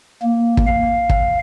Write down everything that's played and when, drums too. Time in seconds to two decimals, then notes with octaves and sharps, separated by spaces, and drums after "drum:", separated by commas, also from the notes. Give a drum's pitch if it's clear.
0.23 A#3
0.57 drum: kick
0.67 F5
1.09 drum: kick